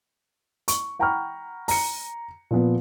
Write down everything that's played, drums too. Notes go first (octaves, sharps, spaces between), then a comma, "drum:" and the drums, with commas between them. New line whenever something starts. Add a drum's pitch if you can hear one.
C#6, drum: hi-hat
F#5 G5 A#5 B5 C#6 F6
A#5 C#7, drum: open hi-hat
A#2 F3 B3